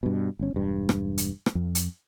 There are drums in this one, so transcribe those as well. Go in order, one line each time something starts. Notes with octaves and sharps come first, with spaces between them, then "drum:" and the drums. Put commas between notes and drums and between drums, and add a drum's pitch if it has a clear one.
G2 B2
G1 C#4
E1 G2
drum: rim click
drum: hi-hat
drum: rim click
F2
drum: hi-hat